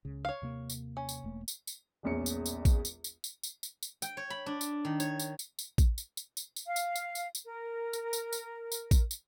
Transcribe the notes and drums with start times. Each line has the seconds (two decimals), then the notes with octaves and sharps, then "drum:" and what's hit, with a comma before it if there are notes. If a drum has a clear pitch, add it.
0.05 C#2 C#3
0.25 C#5 F5
0.42 D#2 C3 A#3
0.70 drum: tambourine
0.97 C#4
1.09 drum: tambourine
1.24 E1 A3 A#3
1.48 drum: tambourine
1.67 drum: tambourine
2.03 E1 A#1 E2 C#4 C#7
2.26 drum: tambourine
2.46 drum: tambourine
2.65 drum: kick A1, tambourine
2.85 drum: tambourine
3.04 drum: tambourine
3.24 drum: tambourine
3.43 drum: tambourine
3.63 drum: tambourine
3.83 drum: tambourine
4.02 G5, drum: tambourine
4.17 C#5
4.30 B5
4.46 D4
4.61 drum: tambourine
4.85 D#3
5.00 C#5, drum: tambourine
5.20 drum: tambourine
5.39 drum: tambourine
5.59 drum: tambourine
5.78 drum: kick A1, tambourine
5.98 drum: tambourine
6.17 drum: tambourine
6.37 drum: tambourine
6.56 drum: tambourine
6.66 F5
6.76 drum: tambourine
6.96 drum: tambourine
7.15 drum: tambourine
7.35 drum: tambourine
7.45 A#4
7.93 drum: tambourine
8.13 drum: tambourine
8.33 drum: tambourine
8.72 drum: tambourine
8.91 drum: kick A1, tambourine
9.11 drum: tambourine